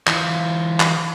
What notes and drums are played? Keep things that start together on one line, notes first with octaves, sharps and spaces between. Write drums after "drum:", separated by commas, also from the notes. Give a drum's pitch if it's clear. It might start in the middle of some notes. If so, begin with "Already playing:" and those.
E3 F4, drum: clap
drum: clap